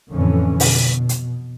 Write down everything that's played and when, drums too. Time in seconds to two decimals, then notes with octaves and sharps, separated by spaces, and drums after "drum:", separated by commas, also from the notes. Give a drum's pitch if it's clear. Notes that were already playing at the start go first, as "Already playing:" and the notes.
0.11 F2 A2 D3 E3 C#4
0.60 B2, drum: open hi-hat
1.09 drum: hi-hat